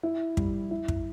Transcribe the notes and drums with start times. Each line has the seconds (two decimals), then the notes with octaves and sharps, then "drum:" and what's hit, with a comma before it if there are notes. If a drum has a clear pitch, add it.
0.03 E4
0.37 G3, drum: kick
0.71 E4
0.88 drum: kick